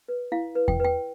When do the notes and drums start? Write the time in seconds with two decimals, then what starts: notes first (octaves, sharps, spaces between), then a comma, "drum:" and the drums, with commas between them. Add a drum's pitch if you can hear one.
0.08 B4
0.32 E4 F5
0.55 B4
0.68 G5, drum: kick E2
0.80 B4 G5